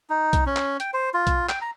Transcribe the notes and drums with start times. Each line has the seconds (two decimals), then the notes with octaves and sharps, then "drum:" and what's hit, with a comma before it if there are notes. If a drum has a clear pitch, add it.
0.10 D#4
0.33 drum: kick, hi-hat
0.46 C#4
0.56 drum: clap
0.80 G5, drum: hi-hat
0.93 C5
1.14 F4
1.27 drum: kick, hi-hat
1.49 G5, drum: clap
1.61 A#5